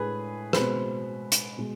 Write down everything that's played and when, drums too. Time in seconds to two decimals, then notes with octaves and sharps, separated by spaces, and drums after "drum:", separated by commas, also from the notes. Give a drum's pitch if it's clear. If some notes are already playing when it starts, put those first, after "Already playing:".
Already playing: A2 G#3 D4 G#4 B4
0.53 B2 G#3 C4 B4, drum: rim click
1.32 drum: hi-hat
1.57 B2 G#3